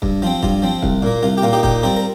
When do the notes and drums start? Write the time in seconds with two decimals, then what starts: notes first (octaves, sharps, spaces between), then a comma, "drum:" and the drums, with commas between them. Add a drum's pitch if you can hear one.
0.02 G2, drum: kick
0.22 F3 C4 F4
0.43 G2 F4, drum: kick
0.62 F3 C4
0.83 C2, drum: kick
1.03 A#2 A#3
1.23 C2 F4
1.37 G4
1.43 A#2 A#3 F4
1.53 D#4 G4
1.63 A#2 D#4 G4, drum: kick
1.83 G3 C4 F4 A#4
1.96 A#4